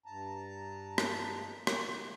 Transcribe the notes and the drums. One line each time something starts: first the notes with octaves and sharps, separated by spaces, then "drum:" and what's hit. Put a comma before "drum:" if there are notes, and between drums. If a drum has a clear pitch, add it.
G2 A5 A#5
drum: rim click
drum: rim click